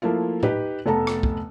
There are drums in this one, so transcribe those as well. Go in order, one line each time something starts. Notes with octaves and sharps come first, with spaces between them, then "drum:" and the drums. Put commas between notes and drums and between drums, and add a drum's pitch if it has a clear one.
F3 A3 A#3 E4 F4
D#4 G4 B4, drum: tom A2
F1 A3 B3 A4 A5 A#5
drum: rim click
drum: kick